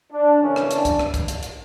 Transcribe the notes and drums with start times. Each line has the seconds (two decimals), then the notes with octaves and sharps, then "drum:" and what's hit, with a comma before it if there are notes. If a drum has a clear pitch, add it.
0.13 D4
0.42 F#2 C#3 E3 C#4
0.56 drum: rim click
0.71 D4, drum: hi-hat
0.85 drum: kick, hi-hat
0.99 drum: rim click
1.14 drum: kick, hi-hat
1.28 drum: hi-hat
1.43 drum: hi-hat